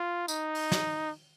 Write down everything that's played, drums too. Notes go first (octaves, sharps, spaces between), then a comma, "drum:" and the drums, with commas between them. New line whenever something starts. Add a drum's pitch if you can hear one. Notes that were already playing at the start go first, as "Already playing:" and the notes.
Already playing: F4
D#4, drum: tambourine
drum: open hi-hat
drum: snare